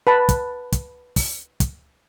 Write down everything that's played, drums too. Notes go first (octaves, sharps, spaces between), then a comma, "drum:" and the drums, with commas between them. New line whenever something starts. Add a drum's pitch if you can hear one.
B4 A5 B5
drum: kick, hi-hat
drum: kick, hi-hat
drum: kick, open hi-hat
drum: kick, hi-hat